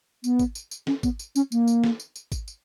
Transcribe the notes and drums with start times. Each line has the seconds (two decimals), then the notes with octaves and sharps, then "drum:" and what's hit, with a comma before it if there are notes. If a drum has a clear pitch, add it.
0.24 B3, drum: tambourine
0.39 drum: kick, tambourine
0.55 drum: tambourine
0.71 drum: tambourine
0.87 C#4, drum: snare
1.03 B3, drum: kick, tambourine
1.19 drum: tambourine
1.36 C#4, drum: tambourine
1.52 A#3, drum: tambourine
1.68 drum: tambourine
1.84 drum: snare
2.00 drum: tambourine
2.16 drum: tambourine
2.32 drum: kick, tambourine
2.48 drum: tambourine